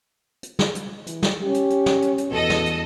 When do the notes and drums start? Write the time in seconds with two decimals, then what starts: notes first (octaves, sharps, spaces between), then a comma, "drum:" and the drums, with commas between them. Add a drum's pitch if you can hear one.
0.43 drum: hi-hat
0.59 drum: snare
0.75 drum: hi-hat
1.07 E3, drum: hi-hat
1.22 drum: snare
1.42 C#4 G4
1.54 drum: hi-hat
1.70 drum: hi-hat
1.86 drum: snare
2.02 drum: hi-hat
2.18 drum: hi-hat
2.29 E2 B2 A4 D#5
2.50 drum: snare
2.66 drum: hi-hat